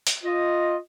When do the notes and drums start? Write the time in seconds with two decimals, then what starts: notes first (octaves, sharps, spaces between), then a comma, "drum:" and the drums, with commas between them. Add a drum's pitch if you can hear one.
0.07 drum: hi-hat
0.24 F4 D#5